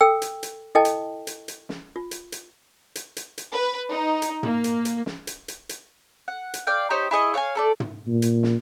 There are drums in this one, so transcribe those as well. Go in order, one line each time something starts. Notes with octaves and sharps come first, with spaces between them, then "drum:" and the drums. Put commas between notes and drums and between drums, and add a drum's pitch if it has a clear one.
A4 G5 E6
drum: hi-hat
drum: hi-hat
E4 A4 D#5 G5 A5
drum: hi-hat
drum: hi-hat
drum: hi-hat
drum: snare
F4
drum: hi-hat
drum: hi-hat
drum: hi-hat
drum: hi-hat
drum: hi-hat
B4
D#4
drum: hi-hat
A#3, drum: tom
drum: hi-hat
drum: hi-hat
drum: snare
drum: hi-hat
drum: hi-hat
drum: hi-hat
F#5
drum: hi-hat
D5 F5 G5
D#4 G4 C5 C#5
E4 G#4 D#5 C#6
C#5 F5 F#5 G#5
A3 A4 D5
drum: tom
A#2
drum: hi-hat
drum: snare